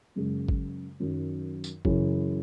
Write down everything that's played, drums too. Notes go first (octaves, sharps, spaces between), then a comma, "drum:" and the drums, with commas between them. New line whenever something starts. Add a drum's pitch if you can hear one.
F#2 C#3 G#3
drum: kick
F#2 D#3 F#3
drum: tambourine
F#2 C#3 E3, drum: kick